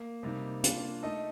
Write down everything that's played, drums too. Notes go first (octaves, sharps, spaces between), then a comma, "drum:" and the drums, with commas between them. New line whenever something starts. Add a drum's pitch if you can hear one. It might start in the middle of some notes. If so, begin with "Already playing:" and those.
Already playing: A#3
C3 G3 A#3 D#4
A#3 D4 F4, drum: hi-hat
A3 D#4 A4 D#5